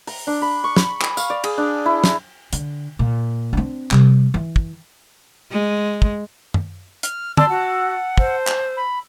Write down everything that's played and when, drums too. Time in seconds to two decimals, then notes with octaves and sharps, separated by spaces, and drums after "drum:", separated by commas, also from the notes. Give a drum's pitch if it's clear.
0.07 A#5, drum: open hi-hat
0.27 D4
0.42 B5
0.64 C#6
0.76 B5, drum: snare
1.02 G#5, drum: clap
1.17 F5, drum: tambourine
1.30 D5
1.44 G#4, drum: cymbal
1.58 D4
1.86 E4
2.04 A#5, drum: snare
2.53 D3, drum: hi-hat
2.99 A#2
3.53 C4 D4
3.91 C3 G3, drum: clap
4.34 E3
4.56 drum: kick
5.52 G#3
6.02 drum: kick
6.54 drum: tom F#2
7.03 F6, drum: hi-hat
7.37 D5 A5 C6 E6, drum: tom
7.49 F#4 F#5
8.18 C5, drum: kick
8.47 drum: clap
8.77 B5